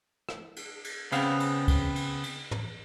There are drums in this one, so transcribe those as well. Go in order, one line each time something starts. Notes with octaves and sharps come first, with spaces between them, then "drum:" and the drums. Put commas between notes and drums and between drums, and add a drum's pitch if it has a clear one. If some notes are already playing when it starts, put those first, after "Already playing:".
drum: rim click
drum: cymbal
drum: cymbal
C#3 B3 C4 F5, drum: cymbal
drum: cymbal
drum: kick, cymbal
drum: cymbal
drum: cymbal
drum: tom